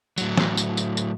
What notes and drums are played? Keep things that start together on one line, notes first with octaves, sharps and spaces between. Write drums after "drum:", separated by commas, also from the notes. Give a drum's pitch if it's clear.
A2 F#3, drum: tambourine
drum: snare
drum: tambourine
drum: tambourine
drum: tambourine